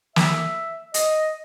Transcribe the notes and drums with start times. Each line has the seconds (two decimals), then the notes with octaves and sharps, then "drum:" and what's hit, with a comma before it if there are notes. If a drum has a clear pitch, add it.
0.16 E5, drum: snare
0.94 D#5, drum: hi-hat